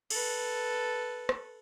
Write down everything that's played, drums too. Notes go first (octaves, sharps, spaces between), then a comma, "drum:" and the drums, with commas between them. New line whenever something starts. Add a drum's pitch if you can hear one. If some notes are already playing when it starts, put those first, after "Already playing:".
A4 B4, drum: cymbal
drum: rim click